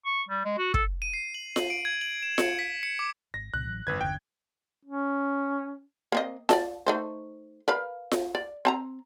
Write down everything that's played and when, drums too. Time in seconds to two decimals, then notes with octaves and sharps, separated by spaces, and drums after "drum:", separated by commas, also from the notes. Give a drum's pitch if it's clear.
0.06 C#6
0.29 G3
0.45 G#3
0.58 F#4
0.74 A4, drum: kick
1.02 D#7
1.14 C7
1.34 F#7
1.56 F#7, drum: snare F4
1.70 D7
1.85 G#6
2.01 F#7
2.23 E7
2.38 C#7, drum: snare F4
2.59 B6
2.83 C#7
2.99 D6
3.34 G#1 A#6
3.54 C2 A#2 C#3 F#6
3.65 A1 F3 F#3
3.87 G#1 F#2 D3 B4 G#6
4.01 G1 E2 D3 G5
4.85 C#4
6.12 A#3 C4 D#5
6.49 D5 D#5 A5, drum: snare F4
6.86 A3 D#4 C5
7.68 A#4 B4 F5
8.11 drum: snare F4
8.35 D5
8.65 C4 A5 A#5